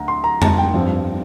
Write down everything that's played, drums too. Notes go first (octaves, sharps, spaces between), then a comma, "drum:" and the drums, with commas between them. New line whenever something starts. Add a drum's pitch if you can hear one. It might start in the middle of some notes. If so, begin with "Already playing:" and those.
Already playing: D2 D3 A#5
C6
A#5
A5, drum: tom F2
G5
G2 F3 C4